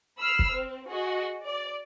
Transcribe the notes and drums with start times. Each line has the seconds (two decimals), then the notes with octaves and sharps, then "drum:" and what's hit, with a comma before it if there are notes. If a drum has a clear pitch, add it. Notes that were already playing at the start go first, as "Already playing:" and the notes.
0.19 B5 E6 F6 C7
0.39 drum: kick F#1
0.53 C4
0.88 F#4 G#4 D#5
1.46 D5